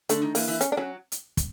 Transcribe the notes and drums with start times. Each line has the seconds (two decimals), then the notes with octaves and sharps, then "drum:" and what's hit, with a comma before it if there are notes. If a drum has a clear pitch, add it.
0.09 D3 A3 D4, drum: hi-hat
0.22 D#3 D#4
0.35 E3 A#3 E4, drum: open hi-hat
0.48 E3 E4
0.61 C#4, drum: hi-hat
0.72 D4
0.77 F#3 C#4 F#4
1.12 drum: hi-hat
1.37 drum: kick, hi-hat